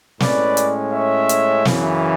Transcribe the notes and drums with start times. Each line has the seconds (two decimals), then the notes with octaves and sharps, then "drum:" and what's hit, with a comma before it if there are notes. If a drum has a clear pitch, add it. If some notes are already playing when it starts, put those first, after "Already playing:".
0.20 A2 G#3 C#4 B4 D5, drum: snare
0.57 drum: hi-hat
0.93 C#5 E5
1.29 drum: hi-hat
1.65 F#2 C#3 E3, drum: snare